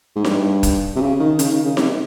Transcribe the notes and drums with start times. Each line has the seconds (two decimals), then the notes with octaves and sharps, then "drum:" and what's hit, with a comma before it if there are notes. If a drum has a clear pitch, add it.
0.16 G#2
0.24 G2, drum: snare D#4
0.63 drum: kick, hi-hat
0.96 C3
1.00 C#3
1.20 D#3
1.39 C#3, drum: hi-hat
1.52 D#3
1.65 C#3
1.77 C3, drum: snare D#4